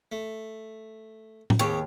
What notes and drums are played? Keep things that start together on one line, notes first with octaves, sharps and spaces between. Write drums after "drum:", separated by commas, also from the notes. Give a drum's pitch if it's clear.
A3
drum: tom A2
D#2 C4 G4 G#4 C#5 G5 C#6